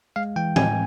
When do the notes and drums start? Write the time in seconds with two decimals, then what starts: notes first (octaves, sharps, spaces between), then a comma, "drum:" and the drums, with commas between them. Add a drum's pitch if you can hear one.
0.16 G#3 F5
0.36 E3 G5
0.56 A2 G#5, drum: tom